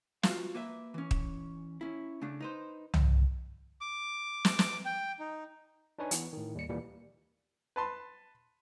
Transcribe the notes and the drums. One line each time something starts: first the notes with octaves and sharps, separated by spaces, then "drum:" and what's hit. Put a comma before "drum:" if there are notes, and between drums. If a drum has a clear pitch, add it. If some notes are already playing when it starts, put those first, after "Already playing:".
F4 F#4 F5, drum: snare
A#3 B4 E5
E3 C#4
drum: kick
C#4 E4
C#3 A3 D4
D#4 B4 C5
drum: tom
D6
drum: snare
drum: snare
G5
D#4
D4 D#4 B4 C#5 G#5
E3 B3, drum: hi-hat
A2 D#3
D#2 G3 C#7
D#2 A#2 E3 G3 A#3
B4 A5 C6